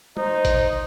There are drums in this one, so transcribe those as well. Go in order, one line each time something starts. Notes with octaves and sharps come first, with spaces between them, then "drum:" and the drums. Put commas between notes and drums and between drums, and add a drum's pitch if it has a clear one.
D#4 C5, drum: tom
drum: kick, hi-hat